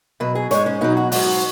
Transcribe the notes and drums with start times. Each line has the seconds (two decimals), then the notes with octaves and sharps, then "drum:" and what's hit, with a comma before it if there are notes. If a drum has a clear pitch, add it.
0.20 B2 F#3 B4
0.35 G#4
0.51 G#2 G#3 C#5, drum: hi-hat
0.66 C#4
0.81 B2 F#3 D#4
0.97 F#4
1.12 G#2 F#3 F#4, drum: open hi-hat